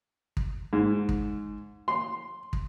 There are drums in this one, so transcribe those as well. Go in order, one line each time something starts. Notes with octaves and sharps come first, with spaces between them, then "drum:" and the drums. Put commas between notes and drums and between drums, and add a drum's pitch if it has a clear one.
drum: kick
G#2
drum: kick
C6
drum: kick